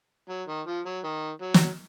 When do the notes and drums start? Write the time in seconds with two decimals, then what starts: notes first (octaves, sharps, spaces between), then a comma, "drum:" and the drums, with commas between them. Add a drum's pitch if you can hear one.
0.29 F#3
0.48 D#3
0.67 F3
0.86 F#3
1.04 D#3
1.42 F#3
1.54 drum: snare